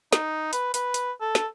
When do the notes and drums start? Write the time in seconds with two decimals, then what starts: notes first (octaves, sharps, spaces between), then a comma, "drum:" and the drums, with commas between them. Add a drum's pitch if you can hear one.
0.13 D#4, drum: snare
0.53 B4, drum: hi-hat
0.74 B4, drum: hi-hat
0.94 drum: hi-hat
1.21 A4
1.35 drum: snare